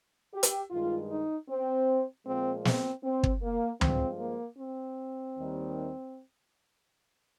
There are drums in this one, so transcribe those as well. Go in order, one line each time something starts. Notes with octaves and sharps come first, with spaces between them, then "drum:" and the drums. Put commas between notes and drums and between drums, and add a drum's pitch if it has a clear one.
G4
drum: hi-hat
G2 D#3 G#3 F4
D#4
C4
A#2 F3 G#3 C4
C4, drum: snare
C4
drum: kick
A#3
G2 F3 G#3 C4, drum: tom
A#3
C4
D#2 D#3 G3